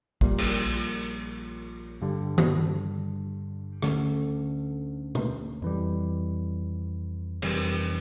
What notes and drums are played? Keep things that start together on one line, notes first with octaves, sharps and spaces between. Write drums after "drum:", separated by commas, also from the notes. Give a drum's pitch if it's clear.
A#1 A#2 G3, drum: kick A1
drum: cymbal
G2 D3 G3
drum: tom D#3
D2 D3 A3 C#4, drum: rim click
drum: tom C3
F2 E3 G3
F1 F2 E3 G3, drum: cymbal